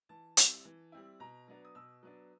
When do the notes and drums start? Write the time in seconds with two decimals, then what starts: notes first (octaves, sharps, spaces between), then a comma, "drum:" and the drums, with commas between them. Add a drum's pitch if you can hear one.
0.09 E3 A5
0.37 G3 C4 E4, drum: hi-hat
0.65 E3
0.92 G3 C4 E4
1.20 B2 A#5
1.48 F#3 B3 D4
1.65 D#6
1.75 B2 E6
2.03 F#3 B3 D4